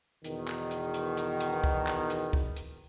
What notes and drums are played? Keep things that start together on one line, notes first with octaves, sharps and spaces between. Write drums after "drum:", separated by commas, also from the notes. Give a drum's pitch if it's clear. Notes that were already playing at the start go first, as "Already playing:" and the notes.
E2 B2 D#3, drum: hi-hat
drum: clap
drum: hi-hat
drum: hi-hat
drum: hi-hat
drum: hi-hat
drum: kick
drum: clap
drum: hi-hat
drum: kick
drum: hi-hat